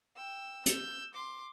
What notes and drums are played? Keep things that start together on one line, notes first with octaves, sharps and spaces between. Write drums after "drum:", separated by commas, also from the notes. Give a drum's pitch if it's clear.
G5 E6
E6 G6, drum: hi-hat
C6 D6